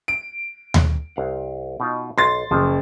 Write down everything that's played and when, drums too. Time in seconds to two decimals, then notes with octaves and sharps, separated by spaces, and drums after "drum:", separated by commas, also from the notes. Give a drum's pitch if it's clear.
0.08 D7
0.74 drum: tom D#2
1.16 C2 F5 F#5
1.80 B2 D#4 F4
2.18 B1 C6 A6
2.51 F#1 F3 F#3